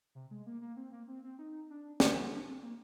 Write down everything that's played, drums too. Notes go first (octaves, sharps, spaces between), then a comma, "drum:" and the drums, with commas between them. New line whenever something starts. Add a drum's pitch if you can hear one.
C3
G#3
A#3
A#3
C4
A#3
C4
C4
D#4
D4
A#3, drum: snare
A#3
D4
C4
A#3